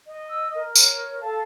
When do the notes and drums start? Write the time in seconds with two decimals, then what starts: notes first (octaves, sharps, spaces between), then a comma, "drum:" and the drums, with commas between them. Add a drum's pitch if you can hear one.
0.07 D#5
0.29 E6
0.55 A#4
0.76 C#5, drum: tambourine
1.21 A4 F5 A5